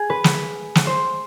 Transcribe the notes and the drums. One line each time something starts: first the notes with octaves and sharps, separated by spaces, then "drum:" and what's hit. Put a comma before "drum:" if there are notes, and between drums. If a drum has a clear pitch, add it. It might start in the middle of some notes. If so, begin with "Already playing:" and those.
Already playing: G#4
B4
drum: snare
drum: snare
C5